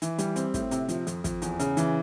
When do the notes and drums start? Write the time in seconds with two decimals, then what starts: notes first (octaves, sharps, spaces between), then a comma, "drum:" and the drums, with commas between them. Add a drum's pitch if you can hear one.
0.02 E3, drum: hi-hat
0.18 G3, drum: hi-hat
0.36 C4, drum: hi-hat
0.54 A2, drum: kick, hi-hat
0.71 C3, drum: hi-hat
0.89 F3, drum: hi-hat
1.07 F2, drum: hi-hat
1.24 F2, drum: kick, hi-hat
1.42 E2, drum: hi-hat
1.59 C#3, drum: hi-hat
1.77 E3, drum: hi-hat